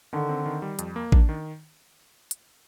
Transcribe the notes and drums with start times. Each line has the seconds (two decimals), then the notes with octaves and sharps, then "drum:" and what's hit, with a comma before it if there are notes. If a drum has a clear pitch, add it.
0.13 D3 D#3
0.29 C4
0.46 D#3
0.62 G3
0.79 F2, drum: hi-hat
0.96 A#3
1.12 D4, drum: kick A1
1.29 D#3
2.31 drum: hi-hat